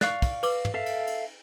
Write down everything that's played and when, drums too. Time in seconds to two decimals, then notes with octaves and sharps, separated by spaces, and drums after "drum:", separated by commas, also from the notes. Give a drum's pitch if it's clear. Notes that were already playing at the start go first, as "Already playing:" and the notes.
0.01 D5 F5 C#6 F#6, drum: snare
0.22 drum: kick, cymbal
0.43 B4 D6, drum: cymbal
0.65 drum: tom
0.74 A4 E5 F5
0.86 drum: cymbal
1.07 drum: cymbal